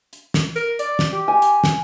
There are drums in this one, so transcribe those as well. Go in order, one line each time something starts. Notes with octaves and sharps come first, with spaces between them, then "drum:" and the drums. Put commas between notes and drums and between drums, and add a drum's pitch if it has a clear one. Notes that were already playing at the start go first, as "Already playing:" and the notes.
drum: hi-hat
drum: snare
A#4, drum: hi-hat
D5, drum: hi-hat
drum: snare
G4
G#5
drum: hi-hat
drum: snare